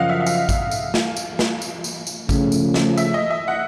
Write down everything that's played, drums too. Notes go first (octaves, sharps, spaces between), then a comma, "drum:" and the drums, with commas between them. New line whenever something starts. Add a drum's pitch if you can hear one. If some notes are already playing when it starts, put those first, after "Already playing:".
Already playing: F#2 C#3 F3 D#5 F5 F#5
E5
E5
F5, drum: tambourine
drum: kick A1, tambourine
drum: tambourine
drum: snare
drum: tambourine
drum: snare
drum: tambourine
drum: tambourine
drum: tambourine
C#3 F3 A3, drum: kick A1, tambourine
drum: tambourine
drum: snare
E5, drum: tambourine
D#5
E5
F#5